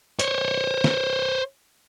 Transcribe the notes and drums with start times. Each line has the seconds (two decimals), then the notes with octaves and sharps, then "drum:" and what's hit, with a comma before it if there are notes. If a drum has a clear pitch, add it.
0.19 C5 C#5, drum: hi-hat
0.84 drum: snare